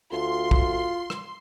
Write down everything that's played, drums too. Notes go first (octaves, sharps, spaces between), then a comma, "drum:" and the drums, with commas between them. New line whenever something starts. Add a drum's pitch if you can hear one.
D2 F4 C6
drum: kick
drum: rim click